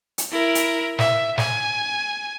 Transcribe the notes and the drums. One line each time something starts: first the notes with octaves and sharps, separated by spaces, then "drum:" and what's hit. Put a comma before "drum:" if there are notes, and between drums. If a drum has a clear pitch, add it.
drum: hi-hat
E4 A#4
drum: hi-hat
E5, drum: snare
G#5, drum: snare